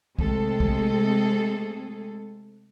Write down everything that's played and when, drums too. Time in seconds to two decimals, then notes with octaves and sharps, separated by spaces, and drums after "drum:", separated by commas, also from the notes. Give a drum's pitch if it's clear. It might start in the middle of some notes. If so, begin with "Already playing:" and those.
0.19 C3 G#3 A3 C4 G#4 A4, drum: kick
0.60 drum: kick